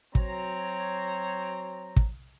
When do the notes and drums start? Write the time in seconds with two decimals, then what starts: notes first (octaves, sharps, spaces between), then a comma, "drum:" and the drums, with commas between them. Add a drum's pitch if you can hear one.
0.15 F#3 C4 C#5 A#5, drum: kick
1.96 drum: kick